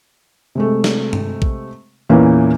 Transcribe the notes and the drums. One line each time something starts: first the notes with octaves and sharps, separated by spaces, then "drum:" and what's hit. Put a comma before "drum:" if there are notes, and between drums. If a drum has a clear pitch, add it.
C3 G#3 A3
drum: snare
drum: tom G2
drum: kick
E2 A#2 E3 A#3 C#4